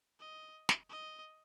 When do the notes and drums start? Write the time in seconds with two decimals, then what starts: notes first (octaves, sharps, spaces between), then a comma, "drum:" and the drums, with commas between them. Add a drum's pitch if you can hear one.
0.20 D#5
0.69 drum: snare
0.89 D#5